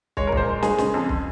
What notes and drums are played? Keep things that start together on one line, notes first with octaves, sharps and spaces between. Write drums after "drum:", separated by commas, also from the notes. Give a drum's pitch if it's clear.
G#3 C#5, drum: kick
A#4
A#2 C5, drum: kick
G#3
G#3 G#4, drum: snare
C#3, drum: snare
F2
drum: kick